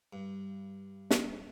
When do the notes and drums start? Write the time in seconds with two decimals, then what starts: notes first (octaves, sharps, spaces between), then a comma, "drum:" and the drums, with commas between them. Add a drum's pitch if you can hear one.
0.13 G2
1.11 drum: snare